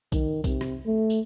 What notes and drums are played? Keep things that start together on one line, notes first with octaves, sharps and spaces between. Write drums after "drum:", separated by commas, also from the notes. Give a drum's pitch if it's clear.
D#3, drum: kick B1, tambourine
C3, drum: kick B1, tambourine
drum: rim click
A3
drum: tambourine